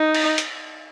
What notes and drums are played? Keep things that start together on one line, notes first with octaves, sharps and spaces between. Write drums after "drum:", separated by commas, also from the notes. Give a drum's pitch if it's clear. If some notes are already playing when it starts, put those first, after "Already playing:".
Already playing: D#4
drum: cymbal
drum: hi-hat